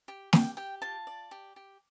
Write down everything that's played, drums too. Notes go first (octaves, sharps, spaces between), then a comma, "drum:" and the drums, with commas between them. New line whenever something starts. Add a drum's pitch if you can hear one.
G4
G4 G5, drum: snare
G4 G5
F4 A5
D5
G4
G4